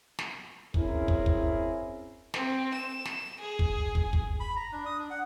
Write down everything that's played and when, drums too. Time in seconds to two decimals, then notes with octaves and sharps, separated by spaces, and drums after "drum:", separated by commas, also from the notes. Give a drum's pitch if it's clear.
0.19 drum: snare
0.74 C4 C#4 E4 G#4 A#4, drum: kick
1.08 drum: kick
1.26 drum: kick
2.34 C4, drum: snare
2.74 E7
3.05 drum: snare
3.40 G#4
3.59 drum: kick
3.95 drum: kick
4.13 drum: kick
4.40 B5
4.56 A#5
4.72 D4
4.86 D#6
4.99 D4
5.10 F#5